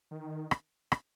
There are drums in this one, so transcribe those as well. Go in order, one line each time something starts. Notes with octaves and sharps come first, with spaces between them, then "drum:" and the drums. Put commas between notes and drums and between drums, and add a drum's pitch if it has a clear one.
D#3
drum: rim click
drum: rim click